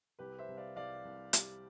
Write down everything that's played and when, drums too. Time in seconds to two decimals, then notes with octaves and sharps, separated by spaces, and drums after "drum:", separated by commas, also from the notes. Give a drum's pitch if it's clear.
0.19 C2 G4 B4
0.39 C5 E5
0.48 C2
0.57 D5 F5
0.76 C2 D5 F5
1.05 C2
1.33 G3, drum: hi-hat